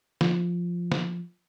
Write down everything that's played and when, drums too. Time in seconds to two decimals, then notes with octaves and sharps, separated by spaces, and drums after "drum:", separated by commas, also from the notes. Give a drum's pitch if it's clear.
0.21 F3, drum: snare
0.92 drum: snare